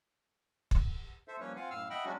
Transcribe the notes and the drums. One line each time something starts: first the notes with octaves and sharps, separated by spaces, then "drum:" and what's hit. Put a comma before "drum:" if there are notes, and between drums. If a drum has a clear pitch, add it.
drum: kick
A4 C5 E5
F3 G3 A#3 C#4 B4 C#5
C4 F4 F5 F#5 G#5
F#2 A2 F5 E6 F6
D#5 E5 F#5 G5 B5
F#3 G#3 C#4 D4 F#4